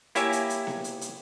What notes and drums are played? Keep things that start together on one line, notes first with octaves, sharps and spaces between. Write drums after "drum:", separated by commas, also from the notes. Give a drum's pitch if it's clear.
A#3 E4 G4 C#5 E5 G#5, drum: hi-hat
drum: hi-hat
drum: hi-hat
drum: snare B3
drum: hi-hat
drum: hi-hat